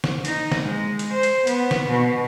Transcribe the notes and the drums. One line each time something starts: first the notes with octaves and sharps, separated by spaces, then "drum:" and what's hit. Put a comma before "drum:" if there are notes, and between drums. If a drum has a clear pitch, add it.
drum: snare
D#4, drum: hi-hat
drum: snare
G#3
drum: hi-hat
C5
drum: hi-hat
B3, drum: hi-hat
drum: snare
B2